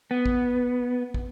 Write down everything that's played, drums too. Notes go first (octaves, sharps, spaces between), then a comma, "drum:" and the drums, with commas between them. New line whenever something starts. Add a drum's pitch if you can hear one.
B3
drum: kick
drum: kick